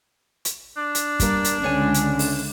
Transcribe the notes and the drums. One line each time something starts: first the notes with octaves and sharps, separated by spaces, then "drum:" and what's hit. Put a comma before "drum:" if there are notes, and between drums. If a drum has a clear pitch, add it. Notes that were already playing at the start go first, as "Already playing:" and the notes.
drum: hi-hat
D4
drum: hi-hat
G3 A#3, drum: kick, hi-hat
drum: hi-hat
C#2 D3 C#4 C#5 G#5
drum: hi-hat
drum: open hi-hat